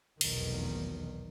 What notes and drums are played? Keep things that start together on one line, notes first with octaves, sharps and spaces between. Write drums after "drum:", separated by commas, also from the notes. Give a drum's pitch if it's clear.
F1 B1 E2 B2 D#3, drum: cymbal